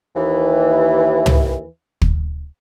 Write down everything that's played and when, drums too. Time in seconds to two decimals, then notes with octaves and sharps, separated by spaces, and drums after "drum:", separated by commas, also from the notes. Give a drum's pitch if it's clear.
0.16 D#2 E3
1.26 drum: tom
2.02 drum: kick